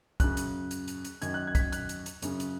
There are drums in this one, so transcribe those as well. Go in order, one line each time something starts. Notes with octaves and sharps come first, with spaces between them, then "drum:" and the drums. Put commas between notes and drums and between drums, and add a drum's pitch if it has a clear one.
F#2 C#3 F#6, drum: kick, hi-hat
drum: hi-hat
drum: hi-hat
drum: hi-hat
drum: hi-hat
F#2 D#3 G#6, drum: hi-hat
F#6
G#6
B6, drum: kick, hi-hat
G#6
F#6, drum: hi-hat
drum: hi-hat
drum: hi-hat
F#2 C#3, drum: hi-hat
drum: hi-hat